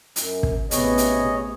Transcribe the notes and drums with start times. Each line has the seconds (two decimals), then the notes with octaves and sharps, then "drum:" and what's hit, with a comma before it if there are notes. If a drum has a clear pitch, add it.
0.16 F#2, drum: hi-hat
0.43 drum: kick
0.71 A1 C3 B3 G#4 C#5 D#5, drum: hi-hat
0.98 drum: hi-hat